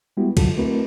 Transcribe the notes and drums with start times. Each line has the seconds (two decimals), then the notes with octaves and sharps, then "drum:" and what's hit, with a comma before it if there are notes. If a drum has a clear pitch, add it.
0.17 G3 G#3 B3 E4 F#4 G4
0.37 D3 F#3 F4 F#4 A4, drum: kick, cymbal
0.58 A3 C4 E4 F#4 A#4 B4